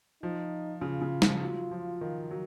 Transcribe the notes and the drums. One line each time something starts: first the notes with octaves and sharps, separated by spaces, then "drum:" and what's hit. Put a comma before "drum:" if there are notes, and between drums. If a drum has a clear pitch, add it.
F3 D#4
C#3 F4
C#3
F3, drum: snare
F#3 F4
F3
D#3
F#3